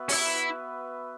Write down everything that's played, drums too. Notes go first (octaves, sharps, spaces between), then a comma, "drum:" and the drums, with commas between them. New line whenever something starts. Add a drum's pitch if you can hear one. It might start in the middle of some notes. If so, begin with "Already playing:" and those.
Already playing: B3 F#4 B4 E5
C#4, drum: open hi-hat
E4